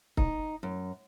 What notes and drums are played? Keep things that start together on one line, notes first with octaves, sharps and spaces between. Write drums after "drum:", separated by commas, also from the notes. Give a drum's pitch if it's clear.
D#4, drum: kick C#1
F#2